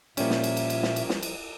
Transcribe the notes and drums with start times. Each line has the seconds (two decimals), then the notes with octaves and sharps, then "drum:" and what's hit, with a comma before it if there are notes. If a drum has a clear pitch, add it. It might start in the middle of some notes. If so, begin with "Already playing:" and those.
0.17 A#2 F3 G3 A#3 C#4 E5, drum: cymbal
0.30 drum: snare
0.44 drum: cymbal
0.57 drum: cymbal
0.70 drum: cymbal
0.83 drum: snare
0.96 drum: cymbal
1.09 drum: snare
1.23 drum: cymbal